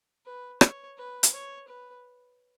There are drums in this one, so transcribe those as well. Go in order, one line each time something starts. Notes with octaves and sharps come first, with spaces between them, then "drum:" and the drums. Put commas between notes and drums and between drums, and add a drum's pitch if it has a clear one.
B4
C#5, drum: rim click
B4
drum: hi-hat
C#5
B4